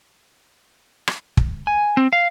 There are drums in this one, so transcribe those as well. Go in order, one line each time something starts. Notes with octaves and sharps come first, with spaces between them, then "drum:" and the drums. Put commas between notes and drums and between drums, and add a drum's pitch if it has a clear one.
drum: rim click
drum: kick
G#5
C4
F5